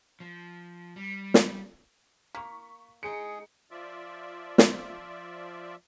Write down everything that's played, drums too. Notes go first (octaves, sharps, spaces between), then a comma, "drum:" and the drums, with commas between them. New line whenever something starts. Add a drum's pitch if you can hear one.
F3
G3
drum: snare
A#3 C#6 B6
G#3 D#4 G#4 C#7 D7
F3 F4 D5 E5
drum: snare